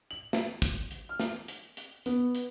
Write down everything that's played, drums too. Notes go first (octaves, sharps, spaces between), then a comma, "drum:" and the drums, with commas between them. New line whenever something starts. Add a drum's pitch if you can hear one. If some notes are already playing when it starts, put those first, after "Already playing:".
F#7
drum: snare
drum: kick, hi-hat
drum: hi-hat
F6
drum: snare
drum: hi-hat
drum: hi-hat
B3, drum: hi-hat
drum: hi-hat